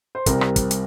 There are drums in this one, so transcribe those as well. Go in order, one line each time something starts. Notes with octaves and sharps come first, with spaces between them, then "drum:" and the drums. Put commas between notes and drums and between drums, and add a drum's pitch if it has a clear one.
C5
C2 C3 G3 C4 A#4, drum: kick, hi-hat
drum: rim click
drum: kick, hi-hat
drum: hi-hat